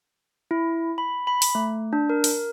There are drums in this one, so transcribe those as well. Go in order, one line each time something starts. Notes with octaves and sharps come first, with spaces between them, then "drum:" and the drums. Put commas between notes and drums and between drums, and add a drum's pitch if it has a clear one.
E4
B5
B5
drum: open hi-hat
A3
D4
A#4
drum: open hi-hat